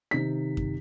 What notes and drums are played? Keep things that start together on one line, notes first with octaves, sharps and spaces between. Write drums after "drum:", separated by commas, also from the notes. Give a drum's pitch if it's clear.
C3 D#3 B6
drum: kick F#2